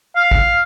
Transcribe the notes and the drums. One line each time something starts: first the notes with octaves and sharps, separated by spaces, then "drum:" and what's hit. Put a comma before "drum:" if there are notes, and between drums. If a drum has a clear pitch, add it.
F5
drum: kick A1